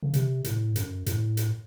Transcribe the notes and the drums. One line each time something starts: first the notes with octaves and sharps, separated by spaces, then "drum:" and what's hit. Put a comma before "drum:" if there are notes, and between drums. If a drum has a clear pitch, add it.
C#3
C3, drum: hi-hat
A2, drum: hi-hat
F#2, drum: hi-hat
A2, drum: hi-hat
drum: hi-hat